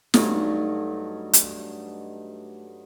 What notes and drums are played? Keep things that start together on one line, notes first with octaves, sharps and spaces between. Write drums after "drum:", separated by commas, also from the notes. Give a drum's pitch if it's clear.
G2 F#3 A3 D#4, drum: snare
drum: hi-hat